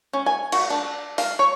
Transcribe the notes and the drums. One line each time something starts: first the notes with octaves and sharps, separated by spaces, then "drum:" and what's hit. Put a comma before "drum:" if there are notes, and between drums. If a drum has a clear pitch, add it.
C#4
G#5
F#4, drum: cymbal
D4
F5, drum: open hi-hat
C#5